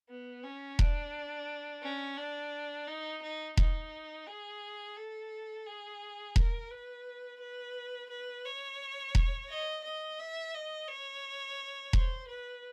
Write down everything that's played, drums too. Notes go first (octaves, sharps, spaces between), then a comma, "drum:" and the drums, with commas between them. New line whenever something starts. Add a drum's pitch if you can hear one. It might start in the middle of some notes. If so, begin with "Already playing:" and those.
B3
C#4
D4, drum: kick E1
C#4
D4
D#4
D#4
D#4, drum: kick E1
G#4
A4
G#4
A#4, drum: kick E1
B4
B4
B4
C#5
drum: kick E1
D#5
D#5
E5
D#5
C#5
C5, drum: kick E1
B4